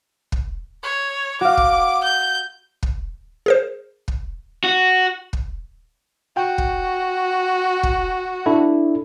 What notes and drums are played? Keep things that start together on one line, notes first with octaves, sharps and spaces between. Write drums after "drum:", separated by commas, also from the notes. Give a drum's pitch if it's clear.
drum: kick
C#5
F#4 F5 D6
drum: kick
G6
drum: kick
G#4 A#4 C5
drum: kick
F#4
drum: kick
F#4 G5
drum: kick
drum: kick
D4 E4 A4